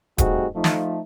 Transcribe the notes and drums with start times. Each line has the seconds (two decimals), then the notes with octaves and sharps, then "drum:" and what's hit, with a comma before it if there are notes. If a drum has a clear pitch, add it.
0.18 G3 A3 C4 D#4 F#4 G#4, drum: kick D#1, hi-hat
0.55 F3 A3 D#4
0.64 drum: snare